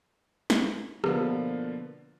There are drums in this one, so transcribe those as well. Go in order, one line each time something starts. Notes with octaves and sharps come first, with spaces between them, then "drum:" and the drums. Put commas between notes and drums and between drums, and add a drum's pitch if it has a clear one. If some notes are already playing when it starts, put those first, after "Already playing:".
drum: snare
B2 D3 F3 A#3 B3 F4, drum: rim click